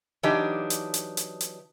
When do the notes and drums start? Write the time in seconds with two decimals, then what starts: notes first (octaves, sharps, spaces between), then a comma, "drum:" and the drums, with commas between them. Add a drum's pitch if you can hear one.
0.23 E3 F#3 D4 D#4 G4
0.70 drum: hi-hat
0.94 drum: hi-hat
1.17 drum: hi-hat
1.41 drum: hi-hat